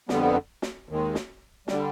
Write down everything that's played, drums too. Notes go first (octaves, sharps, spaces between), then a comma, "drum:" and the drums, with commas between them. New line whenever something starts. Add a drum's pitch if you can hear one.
F2 D3 G3 B3, drum: snare
drum: snare
D#2 D#3 G#3
drum: snare
D3 G3, drum: snare